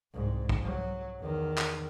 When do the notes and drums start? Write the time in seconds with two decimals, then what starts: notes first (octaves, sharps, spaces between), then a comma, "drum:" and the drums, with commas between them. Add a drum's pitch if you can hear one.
0.13 C2 G#2
0.49 drum: kick
0.63 F#3
1.20 E2 D#3
1.58 drum: clap